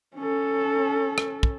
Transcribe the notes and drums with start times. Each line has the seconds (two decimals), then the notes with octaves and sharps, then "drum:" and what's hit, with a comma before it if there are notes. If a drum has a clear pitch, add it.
0.16 C#4 A4
1.18 drum: rim click
1.43 drum: kick